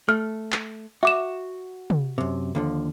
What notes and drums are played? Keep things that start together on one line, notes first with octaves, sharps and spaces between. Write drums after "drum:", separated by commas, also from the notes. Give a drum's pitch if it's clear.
A3 F6
drum: clap
F#4 E5 D6 E7
drum: tom
F#2 C3
D#2 D3 F3